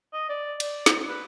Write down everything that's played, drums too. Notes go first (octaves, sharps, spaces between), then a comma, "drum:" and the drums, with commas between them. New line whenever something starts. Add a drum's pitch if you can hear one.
D#5
D5
D5, drum: cymbal
drum: snare
B4